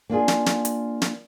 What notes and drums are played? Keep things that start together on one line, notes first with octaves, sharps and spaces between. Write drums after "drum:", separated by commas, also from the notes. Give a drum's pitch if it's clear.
A#3 D4 F4 G#4
drum: snare
drum: snare
drum: hi-hat
drum: snare